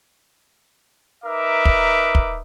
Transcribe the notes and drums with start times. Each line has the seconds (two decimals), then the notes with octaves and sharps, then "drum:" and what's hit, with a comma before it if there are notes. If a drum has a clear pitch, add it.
1.25 D#4 A#4 B4 E5 D6
1.65 drum: kick
2.15 drum: kick